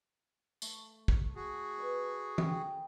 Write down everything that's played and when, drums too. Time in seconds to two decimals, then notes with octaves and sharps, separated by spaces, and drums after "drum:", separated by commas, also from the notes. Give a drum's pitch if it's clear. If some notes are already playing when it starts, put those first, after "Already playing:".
0.62 A3, drum: tambourine
1.08 drum: kick
1.35 F#4 G#4
1.78 B4 D5
2.38 G5, drum: tom E3